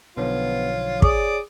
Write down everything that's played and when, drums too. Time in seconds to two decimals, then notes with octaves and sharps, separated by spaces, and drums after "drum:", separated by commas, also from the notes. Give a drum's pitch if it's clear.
0.17 B1 D3 F3 B3 F4 C#5
1.02 G#4 D5 D6 D#6, drum: kick